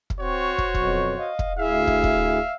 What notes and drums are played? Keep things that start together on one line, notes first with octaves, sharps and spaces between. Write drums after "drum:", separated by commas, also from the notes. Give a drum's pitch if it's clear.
drum: kick
C4 F#4 C5 C#5
drum: kick
F2 B2 F#3, drum: kick
D#5 F5
drum: kick
D2 E4 G#4 E5 F5
drum: kick
drum: kick